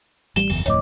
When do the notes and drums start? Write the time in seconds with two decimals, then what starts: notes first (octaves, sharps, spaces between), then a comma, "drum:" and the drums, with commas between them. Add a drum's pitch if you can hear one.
0.36 A1 G3 E7 G7, drum: hi-hat
0.50 F#1 E2, drum: open hi-hat
0.66 D1 F2 A2 C#5 D#5 D6, drum: hi-hat